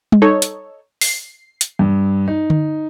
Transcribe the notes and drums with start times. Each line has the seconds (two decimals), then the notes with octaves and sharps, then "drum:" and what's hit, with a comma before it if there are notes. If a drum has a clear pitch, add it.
0.12 drum: tom G3
0.22 D#4 A4 C#5
0.42 drum: hi-hat
1.01 C7, drum: open hi-hat
1.61 drum: hi-hat
1.79 G2
2.28 D#4
2.50 drum: tom D3